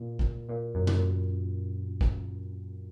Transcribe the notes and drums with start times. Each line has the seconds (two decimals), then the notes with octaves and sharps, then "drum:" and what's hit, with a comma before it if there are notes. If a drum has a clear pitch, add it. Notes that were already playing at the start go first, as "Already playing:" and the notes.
Already playing: A#2
0.19 drum: kick A#1
0.49 A#2
0.75 F#2
0.87 F#2, drum: tom
2.01 drum: kick A#1